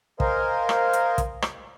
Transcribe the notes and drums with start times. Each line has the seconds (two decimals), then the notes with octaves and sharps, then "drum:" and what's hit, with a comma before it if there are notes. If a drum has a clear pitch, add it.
0.20 A#4 C5 D#5 F5 G#5, drum: kick
0.69 drum: rim click
0.93 drum: hi-hat
1.18 drum: kick, hi-hat
1.42 drum: rim click